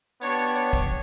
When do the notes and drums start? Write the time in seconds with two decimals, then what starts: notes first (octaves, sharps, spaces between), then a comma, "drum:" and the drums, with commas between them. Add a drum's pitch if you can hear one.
0.21 B3 D4 G4 C#5, drum: tambourine
0.39 drum: tambourine
0.56 C#5, drum: tambourine
0.73 drum: kick, tambourine